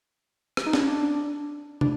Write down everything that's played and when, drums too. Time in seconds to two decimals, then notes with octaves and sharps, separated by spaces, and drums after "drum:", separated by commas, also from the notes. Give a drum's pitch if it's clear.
0.57 drum: rim click
0.66 D#4
0.73 D4, drum: snare
0.80 C#4
0.88 D4
1.81 D4, drum: tom